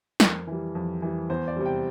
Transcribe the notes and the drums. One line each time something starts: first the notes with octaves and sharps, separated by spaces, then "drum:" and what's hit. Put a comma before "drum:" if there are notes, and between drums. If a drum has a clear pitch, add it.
F2 A#4, drum: snare
E3 G3
F2
E3 G3
E2 C5
D5
C3 G3
G5